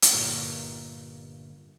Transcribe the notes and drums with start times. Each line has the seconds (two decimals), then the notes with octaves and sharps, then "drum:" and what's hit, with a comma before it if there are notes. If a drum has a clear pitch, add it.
0.02 drum: hi-hat
0.12 G1 G2 A#2 A#4 C#5